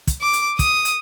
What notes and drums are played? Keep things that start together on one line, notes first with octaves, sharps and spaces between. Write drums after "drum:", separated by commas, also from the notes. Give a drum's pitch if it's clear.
drum: kick, hi-hat
D6
drum: hi-hat
D#6, drum: kick, hi-hat
drum: hi-hat